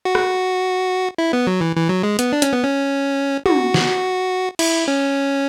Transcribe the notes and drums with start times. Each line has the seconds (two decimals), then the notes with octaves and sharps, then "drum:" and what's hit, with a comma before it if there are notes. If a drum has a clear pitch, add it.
0.05 F#4
0.15 drum: rim click
1.18 E4
1.33 B3
1.47 F#3
1.61 E3
1.76 E3
1.89 F#3
2.03 G#3
2.19 B3, drum: hi-hat
2.33 D4
2.42 C#4, drum: hi-hat
2.53 B3
2.63 C#4
3.46 F#4, drum: tom
3.74 drum: snare
4.59 E4, drum: cymbal
4.88 C#4